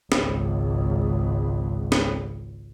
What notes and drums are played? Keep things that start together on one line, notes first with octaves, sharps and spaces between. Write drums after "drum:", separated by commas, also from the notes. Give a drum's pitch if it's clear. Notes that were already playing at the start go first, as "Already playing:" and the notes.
G#1 C#2, drum: snare
drum: snare